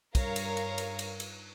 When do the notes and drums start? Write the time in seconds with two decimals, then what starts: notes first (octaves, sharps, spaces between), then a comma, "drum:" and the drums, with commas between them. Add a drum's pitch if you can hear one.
0.15 G2 A#4 C#5 F5 A#5, drum: kick, cymbal
0.36 drum: cymbal
0.57 drum: cymbal
0.78 drum: cymbal
0.99 drum: cymbal
1.20 drum: cymbal